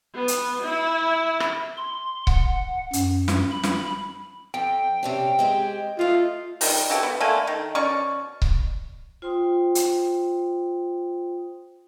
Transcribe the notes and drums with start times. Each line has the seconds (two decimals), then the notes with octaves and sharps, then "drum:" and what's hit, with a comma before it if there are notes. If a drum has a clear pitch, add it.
0.15 B3
0.28 drum: hi-hat
0.62 E4
1.40 drum: rim click
1.77 C6
2.27 F#5, drum: kick C#1
2.93 F#2, drum: hi-hat
3.28 drum: snare
3.52 B5
3.63 drum: snare
4.54 F2 G5
5.03 C3 C#4 D4
5.39 G#3 C4 G4
5.99 A3 F4 D#5
6.61 D#3 G3, drum: open hi-hat
6.90 E3 F#4 G4 A4
7.03 B3
7.20 D3 A3 A#3 G#5
7.47 D#3
7.75 B2 C#4 D5 C#6
8.42 drum: kick C#1
9.22 F4 C5 G5 C6 D#6
9.75 drum: hi-hat